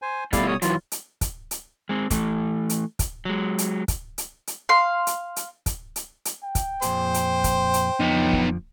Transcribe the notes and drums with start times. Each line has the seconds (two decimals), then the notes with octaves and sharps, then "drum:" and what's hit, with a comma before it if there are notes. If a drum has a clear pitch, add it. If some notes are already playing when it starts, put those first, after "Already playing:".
0.02 C5 G#5
0.33 B2 G3 A3 E4 D5 F5, drum: kick, hi-hat
0.48 C#5 D#6
0.62 F#2 E3 F#3 F4, drum: hi-hat
0.92 drum: hi-hat
1.21 drum: kick, hi-hat
1.51 drum: hi-hat
1.89 G#3 C4
2.10 E3 A3, drum: kick, hi-hat
2.69 drum: hi-hat
2.99 drum: kick, hi-hat
3.25 F#3 G#3
3.58 drum: hi-hat
3.88 drum: kick, hi-hat
4.18 drum: hi-hat
4.47 drum: hi-hat
4.69 F5 C6
5.07 drum: hi-hat
5.36 drum: hi-hat
5.66 drum: kick, hi-hat
5.96 drum: hi-hat
6.25 drum: hi-hat
6.44 G5
6.55 drum: kick, hi-hat
6.82 F2 A#2 G#4 C5, drum: hi-hat
7.14 drum: hi-hat
7.44 drum: kick, hi-hat
7.74 drum: hi-hat
8.00 F2 D3 F3 B3 D#4
8.33 drum: kick